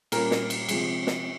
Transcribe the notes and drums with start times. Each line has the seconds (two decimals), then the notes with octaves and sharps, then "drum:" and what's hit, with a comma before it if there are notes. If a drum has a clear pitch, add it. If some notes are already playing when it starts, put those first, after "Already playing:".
0.12 A#2 G3 A#3 C#4 A#4, drum: cymbal
0.31 drum: snare
0.50 drum: cymbal
0.69 C3 F3 G#3, drum: cymbal
1.07 drum: snare